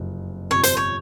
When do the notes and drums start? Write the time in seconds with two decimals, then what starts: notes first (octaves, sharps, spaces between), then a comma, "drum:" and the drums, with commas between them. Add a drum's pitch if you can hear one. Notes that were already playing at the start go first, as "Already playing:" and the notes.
Already playing: F#1 F2 C3
0.50 G1 F2 C3 C#5
0.63 C5, drum: hi-hat
0.77 C#5